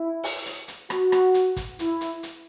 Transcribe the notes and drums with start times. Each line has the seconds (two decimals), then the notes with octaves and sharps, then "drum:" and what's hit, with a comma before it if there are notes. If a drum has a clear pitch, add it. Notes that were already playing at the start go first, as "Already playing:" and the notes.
Already playing: E4
0.23 drum: open hi-hat
0.46 drum: hi-hat
0.68 drum: hi-hat
0.90 F#4, drum: rim click
1.12 drum: rim click
1.34 drum: hi-hat
1.57 drum: kick, hi-hat
1.79 E4, drum: hi-hat
2.01 drum: hi-hat
2.23 drum: hi-hat